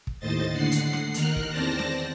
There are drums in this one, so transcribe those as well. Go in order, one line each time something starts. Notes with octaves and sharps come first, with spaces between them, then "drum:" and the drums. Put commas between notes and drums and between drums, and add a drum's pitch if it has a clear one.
drum: kick
D#2 A2 C5 D#5 A6
A2 D3 F#5 C7
drum: hi-hat
drum: snare
D#2 D#3 D#4 A#4 F6 F#6, drum: hi-hat
drum: kick
E2 C4 C5 D5 A5 A#6
drum: snare